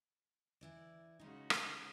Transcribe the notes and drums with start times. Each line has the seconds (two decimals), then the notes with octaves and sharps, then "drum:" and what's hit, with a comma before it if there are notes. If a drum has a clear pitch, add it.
0.61 E3 E4 D5
1.19 C#3 G#3 D#4 F#4
1.50 drum: rim click